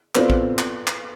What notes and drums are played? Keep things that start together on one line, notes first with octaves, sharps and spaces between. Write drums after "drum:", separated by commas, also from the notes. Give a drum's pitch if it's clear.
B3 C4 F4 A4 D5, drum: clap
drum: kick
drum: clap
drum: clap